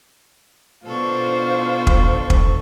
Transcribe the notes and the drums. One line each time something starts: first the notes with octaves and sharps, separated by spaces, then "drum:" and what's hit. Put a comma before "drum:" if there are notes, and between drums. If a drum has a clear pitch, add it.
B2 D4 F4 A4 C5 C#6
drum: kick
drum: kick